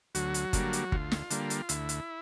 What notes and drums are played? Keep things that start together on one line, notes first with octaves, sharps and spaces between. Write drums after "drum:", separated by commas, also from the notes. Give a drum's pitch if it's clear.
D2 F#3 F#4, drum: hi-hat
drum: hi-hat
D3 G3 A#3, drum: kick G1, hi-hat
drum: hi-hat
D2 F4, drum: kick G1
drum: snare
D3 G3 A#3, drum: hi-hat
drum: hi-hat
D2 E4, drum: hi-hat
drum: hi-hat